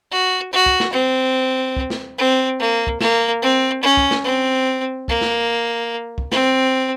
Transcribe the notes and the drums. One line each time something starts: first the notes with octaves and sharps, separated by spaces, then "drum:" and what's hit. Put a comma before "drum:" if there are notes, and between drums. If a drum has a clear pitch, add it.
F#4
F#4
drum: kick
drum: snare
C4
drum: kick
drum: snare
C4
A#3
drum: kick
A#3, drum: snare
C4
C#4
drum: kick
drum: snare
C4
A#3, drum: kick
drum: snare
drum: kick
C4, drum: snare